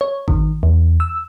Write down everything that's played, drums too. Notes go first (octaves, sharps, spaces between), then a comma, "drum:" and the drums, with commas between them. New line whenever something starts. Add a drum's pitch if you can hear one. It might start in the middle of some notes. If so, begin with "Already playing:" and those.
C#5
D#3, drum: kick G#1
E2
E6